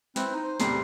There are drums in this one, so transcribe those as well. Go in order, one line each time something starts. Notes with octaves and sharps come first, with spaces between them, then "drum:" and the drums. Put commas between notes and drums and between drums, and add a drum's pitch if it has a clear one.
C4 E4 B4 C5, drum: snare
D#4
C5
E2 A2 C3 G3 C6, drum: snare